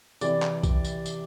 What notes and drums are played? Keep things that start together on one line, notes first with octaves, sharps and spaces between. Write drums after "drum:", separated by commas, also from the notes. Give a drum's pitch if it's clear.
C3 E3 D5, drum: tambourine
drum: clap
drum: kick B1, tambourine
drum: tambourine
drum: tambourine